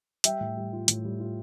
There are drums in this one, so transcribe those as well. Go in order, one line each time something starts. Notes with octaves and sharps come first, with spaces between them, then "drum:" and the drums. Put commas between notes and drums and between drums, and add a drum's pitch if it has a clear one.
G3 E5 G5, drum: hi-hat
A2
G3
F4
A2, drum: hi-hat
G3
F4